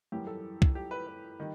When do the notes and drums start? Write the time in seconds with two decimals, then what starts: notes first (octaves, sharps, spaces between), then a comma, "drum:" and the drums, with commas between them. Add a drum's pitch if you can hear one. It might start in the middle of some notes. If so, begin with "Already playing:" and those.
0.12 F#2 E3 G3 G4
0.27 A4
0.62 drum: kick C2
0.75 G4
0.91 B4
1.06 B4
1.40 D#3 G3